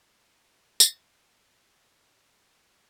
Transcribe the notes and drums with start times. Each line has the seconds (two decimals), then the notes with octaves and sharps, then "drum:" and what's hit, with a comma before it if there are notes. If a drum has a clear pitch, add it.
0.01 C3 F#4 G4
0.80 drum: tambourine